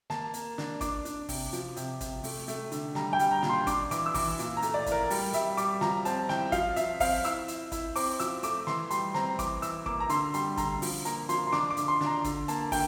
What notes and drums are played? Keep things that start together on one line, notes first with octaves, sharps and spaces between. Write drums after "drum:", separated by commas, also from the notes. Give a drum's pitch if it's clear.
A#3 A5, drum: snare
A#3, drum: hi-hat
D4, drum: snare
D4 D6, drum: kick, hi-hat
D4, drum: hi-hat
C3, drum: kick, open hi-hat
F3, drum: hi-hat
C3, drum: hi-hat
C3, drum: kick, hi-hat
A3, drum: open hi-hat
A3, drum: hi-hat
D3, drum: hi-hat
G3 A#5, drum: snare
G5
G3, drum: hi-hat
A#5
A#2, drum: snare
C6
D4 D6, drum: kick, hi-hat
E3 D6, drum: hi-hat
E6
E3 D6, drum: kick, open hi-hat
A#2, drum: hi-hat
A#5
A3, drum: hi-hat
D5
E4, drum: kick, hi-hat
A#4
G3, drum: open hi-hat
G3 E5, drum: hi-hat
G3 D6, drum: hi-hat
F3 A#5, drum: snare
C4 A5, drum: hi-hat
E4 G5, drum: snare
F3 F5, drum: kick, hi-hat
F3 E5, drum: hi-hat
C4 F5, drum: kick, open hi-hat
E4 E6, drum: hi-hat
E4, drum: hi-hat
E4, drum: kick, hi-hat
C4 D6, drum: open hi-hat
F3 E6, drum: hi-hat
A3 D6, drum: hi-hat
E3 C6, drum: snare
G3 C6, drum: hi-hat
C4 A#5, drum: snare
E3 D6, drum: kick, hi-hat
E3 E6, drum: hi-hat
A#3 D6, drum: kick
A#5
D3 C6, drum: hi-hat
G3 C6, drum: hi-hat
D3 A#5, drum: kick, hi-hat
F3, drum: open hi-hat
A#3 A#5, drum: hi-hat
F3 C6, drum: hi-hat
C6
D4 D6, drum: snare
D6
D3, drum: hi-hat
C6
D4, drum: snare
A#5
D3, drum: kick, hi-hat
A#3 A5, drum: hi-hat
D3 G5, drum: kick, open hi-hat